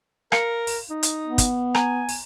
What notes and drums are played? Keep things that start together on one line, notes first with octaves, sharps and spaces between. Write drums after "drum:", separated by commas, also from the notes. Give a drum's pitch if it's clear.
A#4 F5 C#7, drum: rim click
drum: open hi-hat
D#4
drum: hi-hat
B3
drum: kick, hi-hat
G#5 A#5, drum: rim click
drum: open hi-hat